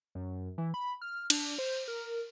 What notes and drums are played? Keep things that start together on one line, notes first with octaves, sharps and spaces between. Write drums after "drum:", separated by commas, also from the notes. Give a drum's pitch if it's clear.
F#2
E3
B5
F6
D4, drum: cymbal
C5
A#4